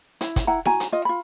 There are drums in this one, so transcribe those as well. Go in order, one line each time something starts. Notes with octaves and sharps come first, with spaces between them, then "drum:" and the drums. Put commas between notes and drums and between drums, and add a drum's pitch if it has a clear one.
E4, drum: hi-hat
drum: kick, hi-hat
E4 F#5 A#5
F#4 G#5 A#5, drum: snare E4
drum: hi-hat
F4 D#5
F4 B5